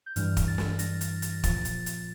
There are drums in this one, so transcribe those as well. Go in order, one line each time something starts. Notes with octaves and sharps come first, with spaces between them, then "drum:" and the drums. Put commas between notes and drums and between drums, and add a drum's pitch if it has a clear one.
G6
G2 E3 G3 F6, drum: hi-hat
drum: kick, hi-hat
A6
drum: snare
A#6, drum: hi-hat
drum: hi-hat
drum: hi-hat
A#2 F3 A6, drum: kick, hi-hat
drum: hi-hat
drum: hi-hat